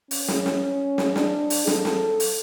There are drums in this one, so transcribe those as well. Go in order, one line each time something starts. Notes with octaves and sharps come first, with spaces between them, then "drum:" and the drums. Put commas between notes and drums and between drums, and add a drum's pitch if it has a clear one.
C#4, drum: open hi-hat
drum: snare
drum: snare
drum: snare
D4, drum: snare
drum: open hi-hat
A4, drum: snare
drum: snare
drum: open hi-hat